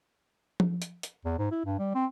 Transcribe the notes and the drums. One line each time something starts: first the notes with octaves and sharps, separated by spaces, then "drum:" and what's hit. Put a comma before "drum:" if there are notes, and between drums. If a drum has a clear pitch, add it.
drum: tom F3
drum: hi-hat
drum: hi-hat
E2
G#2
E4
G2
G3
C4